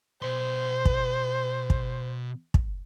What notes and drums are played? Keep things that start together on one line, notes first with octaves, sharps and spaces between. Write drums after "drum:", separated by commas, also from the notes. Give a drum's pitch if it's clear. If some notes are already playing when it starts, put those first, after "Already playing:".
B2 C5 C6
drum: kick
drum: kick
drum: kick